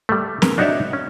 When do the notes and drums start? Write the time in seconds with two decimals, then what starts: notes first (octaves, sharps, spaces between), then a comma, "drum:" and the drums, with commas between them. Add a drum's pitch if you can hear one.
0.09 G3 A3
0.42 G#4 A#4 B4, drum: snare
0.58 D4 D#4 F#4 C#5 D5 E5
0.93 C#4